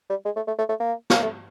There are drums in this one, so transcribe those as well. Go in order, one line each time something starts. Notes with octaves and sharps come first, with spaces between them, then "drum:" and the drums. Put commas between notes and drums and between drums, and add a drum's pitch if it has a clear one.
G3
G#3
A3
A3
A3
A3
A#3
A#3, drum: snare
A3